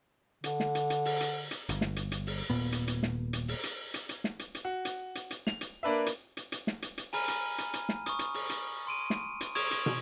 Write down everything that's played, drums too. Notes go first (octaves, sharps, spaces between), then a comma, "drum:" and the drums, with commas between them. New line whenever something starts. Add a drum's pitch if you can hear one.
D3, drum: hi-hat
drum: snare
drum: hi-hat
drum: hi-hat
drum: open hi-hat
drum: hi-hat
drum: hi-hat
G1, drum: hi-hat
drum: snare
drum: hi-hat
drum: hi-hat
drum: open hi-hat
D#1 A#2 B3
drum: hi-hat
drum: hi-hat
drum: snare
drum: hi-hat
drum: open hi-hat
drum: hi-hat
drum: hi-hat
drum: hi-hat
drum: snare
drum: hi-hat
drum: hi-hat
F#4
drum: hi-hat
drum: hi-hat
drum: hi-hat
F7, drum: snare
drum: hi-hat
A#3 D4 B4 E5
drum: hi-hat
drum: hi-hat
drum: hi-hat
drum: snare
drum: hi-hat
drum: hi-hat
G#5 A#5 B5 F6 D#7, drum: open hi-hat
drum: hi-hat
drum: hi-hat
drum: hi-hat
drum: snare
C#6 D#6, drum: hi-hat
drum: hi-hat
drum: open hi-hat
drum: hi-hat
C6 D7 D#7
drum: snare
drum: hi-hat
C#6 D#6 G#6 D7 E7 F7, drum: open hi-hat
drum: hi-hat
drum: tom